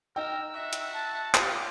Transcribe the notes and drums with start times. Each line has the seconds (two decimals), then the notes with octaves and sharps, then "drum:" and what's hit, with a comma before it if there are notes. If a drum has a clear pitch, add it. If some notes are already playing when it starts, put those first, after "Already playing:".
0.16 D#4 A#4 G5 E6
0.54 F#4 E5
0.73 drum: hi-hat
0.94 A5
1.35 F4 G4, drum: clap